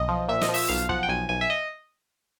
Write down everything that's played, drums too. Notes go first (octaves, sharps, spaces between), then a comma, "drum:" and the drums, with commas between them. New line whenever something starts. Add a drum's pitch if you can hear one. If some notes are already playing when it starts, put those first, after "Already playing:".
Already playing: B1 D#5
F3
A#2 E5
D#5, drum: snare
F3
E5, drum: open hi-hat
B1 F5
F3 F#5, drum: kick
G5
B1 G#5
B1 G#5
E5
D#5